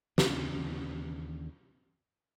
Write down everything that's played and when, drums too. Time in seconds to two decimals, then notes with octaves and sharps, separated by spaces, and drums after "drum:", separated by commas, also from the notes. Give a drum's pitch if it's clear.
0.18 D#2 C#3 E3 D4, drum: snare